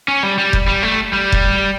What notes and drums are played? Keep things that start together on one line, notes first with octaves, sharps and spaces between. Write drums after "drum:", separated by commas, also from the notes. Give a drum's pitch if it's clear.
C#4
G3
G3
drum: kick F1
G3
A3
G3
drum: kick F1